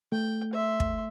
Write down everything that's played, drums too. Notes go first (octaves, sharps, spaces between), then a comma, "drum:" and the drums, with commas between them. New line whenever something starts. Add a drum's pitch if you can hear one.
A3 G5
E5 C6
drum: kick